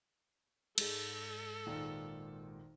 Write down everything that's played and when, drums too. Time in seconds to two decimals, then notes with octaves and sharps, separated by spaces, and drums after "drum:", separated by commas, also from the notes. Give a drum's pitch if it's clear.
0.78 G#2 G#3 A4, drum: cymbal
1.66 G#1 A#2 D#3